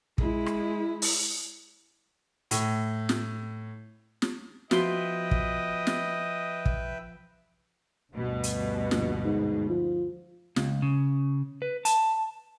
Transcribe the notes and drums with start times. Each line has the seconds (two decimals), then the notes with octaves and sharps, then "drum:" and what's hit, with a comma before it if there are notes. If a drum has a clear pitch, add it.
0.18 G#3 E4, drum: kick
0.46 drum: rim click
1.02 drum: open hi-hat
2.51 A2, drum: hi-hat
3.09 drum: snare
4.22 drum: snare
4.71 F3 B3 F#4 B4 D#5 E5 G5 C6, drum: snare
5.31 drum: kick
5.87 drum: snare
6.66 drum: kick
8.14 D2 G2 B2
8.43 drum: hi-hat
8.91 A#1, drum: snare
9.25 G#2
9.69 F3
10.56 C#2, drum: snare
10.82 C#3
11.62 B4
11.85 A5, drum: hi-hat